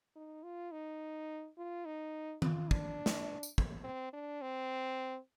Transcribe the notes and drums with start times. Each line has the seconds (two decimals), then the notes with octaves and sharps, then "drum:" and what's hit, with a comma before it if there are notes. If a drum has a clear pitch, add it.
0.16 D#4
0.43 F4
0.72 D#4
1.57 F4
1.86 D#4
2.42 F4, drum: tom D#3
2.71 D4, drum: kick
3.06 drum: snare
3.43 drum: tambourine
3.58 drum: kick
3.84 C4
4.13 D4
4.42 C4